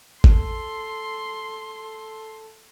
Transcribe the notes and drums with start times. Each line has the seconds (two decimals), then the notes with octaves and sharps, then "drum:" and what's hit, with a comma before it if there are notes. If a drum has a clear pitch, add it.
0.24 A4 C6, drum: kick G#1